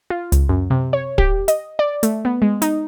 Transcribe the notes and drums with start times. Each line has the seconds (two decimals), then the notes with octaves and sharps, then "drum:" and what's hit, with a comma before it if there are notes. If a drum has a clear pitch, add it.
0.10 F4
0.32 C#2, drum: hi-hat
0.49 F#2
0.70 C3
0.93 C#5
1.18 G4, drum: kick
1.48 D#5, drum: hi-hat
1.79 D5
2.03 A3, drum: hi-hat
2.25 B3
2.42 G#3
2.62 D#4, drum: hi-hat